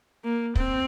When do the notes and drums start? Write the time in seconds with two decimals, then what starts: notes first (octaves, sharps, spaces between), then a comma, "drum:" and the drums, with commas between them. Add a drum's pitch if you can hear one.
0.24 A#3
0.55 C4, drum: kick